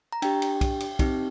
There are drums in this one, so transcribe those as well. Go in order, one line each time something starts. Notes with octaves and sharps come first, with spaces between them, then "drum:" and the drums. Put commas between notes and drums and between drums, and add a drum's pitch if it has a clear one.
A#5
D4 G4 G5, drum: cymbal
drum: cymbal
drum: kick, cymbal
drum: cymbal
C4 D#4 G4, drum: kick, cymbal